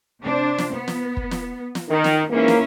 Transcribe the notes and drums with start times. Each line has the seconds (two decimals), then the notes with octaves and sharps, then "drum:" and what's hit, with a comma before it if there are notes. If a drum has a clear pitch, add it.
0.21 C3 D4 C5
0.58 drum: snare
0.73 B3
0.88 drum: snare
1.17 drum: kick
1.31 drum: snare
1.75 drum: snare
1.89 D#3 D#4
2.04 drum: snare
2.29 G#2 E3 A#3 C#4 E4
2.48 drum: snare